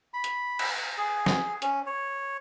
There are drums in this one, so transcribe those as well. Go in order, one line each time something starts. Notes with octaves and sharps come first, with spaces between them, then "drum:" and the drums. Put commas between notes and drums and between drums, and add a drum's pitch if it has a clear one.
B5
drum: hi-hat
drum: cymbal
G#4
drum: snare
C#4, drum: hi-hat
C#5